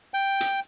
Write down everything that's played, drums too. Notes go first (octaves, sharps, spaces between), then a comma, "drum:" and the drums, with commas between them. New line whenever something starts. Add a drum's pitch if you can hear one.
G5
drum: hi-hat